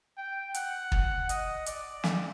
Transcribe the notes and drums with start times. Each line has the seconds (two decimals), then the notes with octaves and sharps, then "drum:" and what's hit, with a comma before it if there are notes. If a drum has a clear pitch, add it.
0.18 G5
0.54 F#5, drum: hi-hat
0.92 drum: kick
1.29 D#5, drum: hi-hat
1.66 D5, drum: hi-hat
2.04 drum: snare